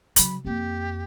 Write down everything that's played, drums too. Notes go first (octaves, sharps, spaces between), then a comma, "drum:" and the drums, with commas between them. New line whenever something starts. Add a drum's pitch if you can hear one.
C#3 F#3 B5, drum: hi-hat
F2 A#3 G4